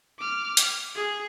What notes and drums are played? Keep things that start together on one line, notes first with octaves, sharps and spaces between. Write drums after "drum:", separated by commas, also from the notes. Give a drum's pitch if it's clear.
D6 F6
drum: hi-hat
G#4